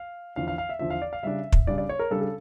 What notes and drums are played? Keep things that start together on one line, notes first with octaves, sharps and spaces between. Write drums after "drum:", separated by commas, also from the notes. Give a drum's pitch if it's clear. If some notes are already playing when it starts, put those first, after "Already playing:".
Already playing: F5
E2 D3 F3 F5
F5
F5
E5
E2 D3 F3 E5
F5
D5
F5
C#3 G3 D4 E5
drum: kick
C#3 G3 D4 D5
D5
C#5
A#4
C#3 G3 D4 A4
A4